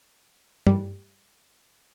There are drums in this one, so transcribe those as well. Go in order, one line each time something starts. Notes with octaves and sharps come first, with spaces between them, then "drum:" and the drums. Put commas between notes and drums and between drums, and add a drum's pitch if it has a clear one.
G3, drum: tom G2